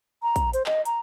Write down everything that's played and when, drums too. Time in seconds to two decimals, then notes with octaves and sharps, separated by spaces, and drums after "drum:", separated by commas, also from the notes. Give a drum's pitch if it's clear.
0.23 A#5
0.36 drum: kick, hi-hat
0.53 C5, drum: hi-hat
0.66 D#5, drum: clap
0.85 A#5, drum: hi-hat